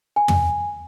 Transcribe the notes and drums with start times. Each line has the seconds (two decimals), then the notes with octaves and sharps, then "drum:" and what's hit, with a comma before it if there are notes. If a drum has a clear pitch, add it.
0.16 G#5
0.28 drum: tom